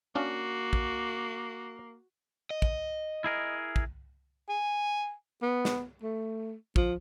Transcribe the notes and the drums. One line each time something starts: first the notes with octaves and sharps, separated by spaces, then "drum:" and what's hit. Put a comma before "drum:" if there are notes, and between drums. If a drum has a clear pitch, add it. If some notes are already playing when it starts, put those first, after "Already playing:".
A#3 C#4 D4 F#4 F5
drum: kick
D#5
drum: kick
E4 G#4 A#4
drum: kick
G#5
B3
drum: snare
A3
F3, drum: kick